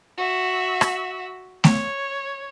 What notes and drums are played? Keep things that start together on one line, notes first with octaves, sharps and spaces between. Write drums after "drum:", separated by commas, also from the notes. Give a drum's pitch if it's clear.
F#4 E5
drum: rim click
C#5, drum: snare A3